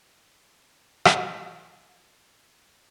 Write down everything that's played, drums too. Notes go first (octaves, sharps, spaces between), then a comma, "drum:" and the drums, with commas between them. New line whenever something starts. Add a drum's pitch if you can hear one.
D4 D5 E5 G5
drum: rim click